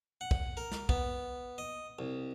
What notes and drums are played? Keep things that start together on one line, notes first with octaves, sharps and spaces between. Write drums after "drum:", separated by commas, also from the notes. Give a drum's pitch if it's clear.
F#5
drum: kick
A#4
drum: snare
B3, drum: kick
D#5
C2